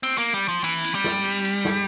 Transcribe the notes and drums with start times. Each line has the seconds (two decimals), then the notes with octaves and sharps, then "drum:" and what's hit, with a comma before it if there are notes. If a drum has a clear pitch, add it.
0.03 C4, drum: cymbal
0.18 A#3
0.34 G3
0.48 F3
0.64 E3, drum: cymbal
0.84 drum: cymbal
0.95 G3
1.04 drum: snare
1.25 drum: cymbal
1.45 drum: cymbal
1.65 drum: snare